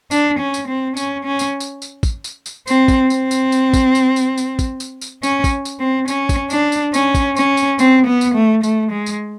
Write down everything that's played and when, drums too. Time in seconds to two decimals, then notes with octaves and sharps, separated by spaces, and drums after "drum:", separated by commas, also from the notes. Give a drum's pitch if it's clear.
0.11 D4, drum: tambourine
0.39 C#4
0.54 drum: tambourine
0.67 C4
0.97 C#4, drum: tambourine
1.25 C#4
1.39 drum: tambourine
1.60 drum: tambourine
1.82 drum: tambourine
2.03 drum: kick, tambourine
2.24 drum: tambourine
2.46 drum: tambourine
2.67 C4, drum: tambourine
2.88 drum: kick, tambourine
3.10 C4, drum: tambourine
3.31 drum: tambourine
3.52 drum: tambourine
3.74 drum: kick, tambourine
3.95 drum: tambourine
4.16 drum: tambourine
4.37 drum: tambourine
4.59 drum: kick, tambourine
4.80 drum: tambourine
5.01 drum: tambourine
5.23 C#4, drum: tambourine
5.44 drum: kick, tambourine
5.65 drum: tambourine
5.79 C4
6.08 C#4, drum: tambourine
6.29 drum: kick, tambourine
6.50 D4, drum: tambourine
6.72 drum: tambourine
6.94 C#4, drum: tambourine
7.15 drum: kick, tambourine
7.36 C#4, drum: tambourine
7.57 drum: tambourine
7.79 C4, drum: tambourine
8.06 B3
8.21 drum: tambourine
8.35 A3
8.63 A3, drum: tambourine
8.92 G#3
9.06 drum: tambourine